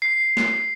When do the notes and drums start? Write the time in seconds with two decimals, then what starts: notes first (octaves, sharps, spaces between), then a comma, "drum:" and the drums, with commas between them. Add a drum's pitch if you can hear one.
0.02 C7
0.37 drum: snare